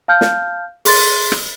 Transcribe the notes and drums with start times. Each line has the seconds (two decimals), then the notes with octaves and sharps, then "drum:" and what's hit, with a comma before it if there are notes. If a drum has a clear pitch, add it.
0.08 F5 A5 F6 G6
0.21 drum: snare
0.85 G#4 C6 A6, drum: open hi-hat
1.32 drum: rim click